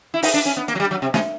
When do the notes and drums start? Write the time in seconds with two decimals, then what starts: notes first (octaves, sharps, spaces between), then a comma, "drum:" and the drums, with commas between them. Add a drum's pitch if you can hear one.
0.14 E4
0.23 D#4, drum: open hi-hat
0.34 D4
0.45 C#4
0.57 B3
0.68 A#3, drum: hi-hat
0.75 F#3
0.80 G3
0.91 F#3
1.02 C3
1.14 B2, drum: snare